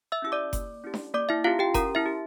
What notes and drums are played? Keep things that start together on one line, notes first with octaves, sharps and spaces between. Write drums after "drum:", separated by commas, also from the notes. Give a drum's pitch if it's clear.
E5 E6
C#4 E4 G4 E6
D5 D6
A#3, drum: kick F#1, hi-hat
C#4 E4 G4
drum: snare D4
A#3 D5 D6
E4 E5
C#4 E4 F4 G4 F5
G4 G5
C#4 A#4 A#5, drum: kick F#1, hi-hat
E4 E5
G4